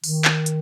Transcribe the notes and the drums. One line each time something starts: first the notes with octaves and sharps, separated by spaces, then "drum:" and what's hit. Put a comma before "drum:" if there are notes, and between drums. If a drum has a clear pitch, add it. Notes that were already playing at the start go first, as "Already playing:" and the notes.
D#3, drum: open hi-hat
drum: clap
drum: hi-hat